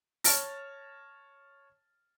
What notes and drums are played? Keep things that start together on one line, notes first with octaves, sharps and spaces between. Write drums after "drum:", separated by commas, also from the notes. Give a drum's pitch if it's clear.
C#5 A5 F6 A6 A#6, drum: open hi-hat